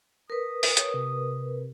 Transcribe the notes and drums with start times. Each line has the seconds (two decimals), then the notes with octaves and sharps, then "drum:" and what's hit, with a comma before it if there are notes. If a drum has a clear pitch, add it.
0.30 A#4 B4 D#6
0.63 drum: open hi-hat
0.77 C#5, drum: hi-hat
0.94 C3